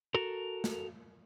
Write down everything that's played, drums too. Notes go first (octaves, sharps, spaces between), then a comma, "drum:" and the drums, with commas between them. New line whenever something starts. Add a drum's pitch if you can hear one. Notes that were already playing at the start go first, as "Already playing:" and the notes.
F#4 A4 A#4
drum: snare